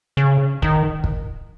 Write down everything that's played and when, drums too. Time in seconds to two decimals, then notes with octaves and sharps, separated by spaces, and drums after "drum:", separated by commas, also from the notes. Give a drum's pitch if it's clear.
0.17 C#3
0.62 D#3, drum: kick
1.04 drum: kick